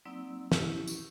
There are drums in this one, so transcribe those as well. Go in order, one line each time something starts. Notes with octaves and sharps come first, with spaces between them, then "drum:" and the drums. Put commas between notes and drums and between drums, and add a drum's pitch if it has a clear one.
F#3 A#3 C4 D#4 D5 E6
C#4 E4 G4, drum: snare
drum: tambourine